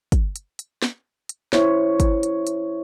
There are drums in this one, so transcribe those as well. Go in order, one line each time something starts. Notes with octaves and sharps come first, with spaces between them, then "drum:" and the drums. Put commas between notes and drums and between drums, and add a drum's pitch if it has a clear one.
drum: kick, hi-hat
drum: hi-hat
drum: hi-hat
drum: snare
drum: hi-hat
E4 C5 C#5, drum: snare
drum: kick, hi-hat
drum: hi-hat
drum: hi-hat